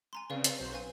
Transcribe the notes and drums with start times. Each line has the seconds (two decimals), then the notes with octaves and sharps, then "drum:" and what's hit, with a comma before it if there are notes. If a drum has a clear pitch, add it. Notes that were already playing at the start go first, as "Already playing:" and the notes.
0.13 G#5 A#5 C6
0.30 C#3 C4 B4 D5 F5
0.44 A6, drum: hi-hat
0.58 B1 F#3 C5
0.73 B4 F5 G#5